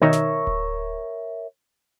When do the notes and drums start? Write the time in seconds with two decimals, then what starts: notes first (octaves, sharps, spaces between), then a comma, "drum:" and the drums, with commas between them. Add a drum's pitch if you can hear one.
0.02 B2 D#3 D#4 A#4 C#5 E5
0.13 drum: snare
0.47 drum: kick D1